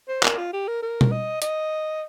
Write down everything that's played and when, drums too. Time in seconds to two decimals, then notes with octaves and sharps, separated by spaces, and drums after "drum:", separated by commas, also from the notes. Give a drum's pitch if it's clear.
0.08 C5
0.23 A#4, drum: clap
0.38 F4
0.53 G4
0.67 A#4
0.82 A#4
1.01 drum: tom B2
1.12 D#5
1.42 D#5, drum: hi-hat